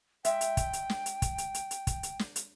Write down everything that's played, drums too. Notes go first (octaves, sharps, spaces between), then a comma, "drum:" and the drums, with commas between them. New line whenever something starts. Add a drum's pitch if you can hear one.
G#3 E5 G5, drum: hi-hat
drum: hi-hat
drum: kick, hi-hat
drum: hi-hat
drum: snare
drum: hi-hat
drum: kick, hi-hat
drum: hi-hat
drum: hi-hat
drum: hi-hat
drum: kick, hi-hat
drum: hi-hat
drum: snare
drum: hi-hat